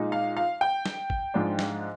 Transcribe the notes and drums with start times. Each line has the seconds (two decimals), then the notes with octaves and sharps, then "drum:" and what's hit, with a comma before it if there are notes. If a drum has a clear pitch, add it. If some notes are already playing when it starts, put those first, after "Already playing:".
Already playing: A#2 G#3 D#4
0.12 F5
0.37 F5
0.61 G5
0.86 drum: snare
1.10 drum: kick G#1
1.34 G#2 F3 G#3 D4 F4
1.59 drum: snare